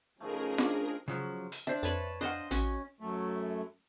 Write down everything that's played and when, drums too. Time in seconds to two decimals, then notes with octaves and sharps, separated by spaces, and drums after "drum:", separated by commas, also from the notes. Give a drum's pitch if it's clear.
0.20 C#3 F3 A3 C#4 D#4 G#4 A#4
0.58 D4 D5, drum: snare F4
1.08 C#3 F3 F#3
1.52 drum: hi-hat
1.67 D4 C5 E5
1.83 F2 B4 C#5 A5
2.21 D4 C5 D#5 F5 F#5
2.51 A1 C#4 F#4, drum: hi-hat
3.00 F#2 A3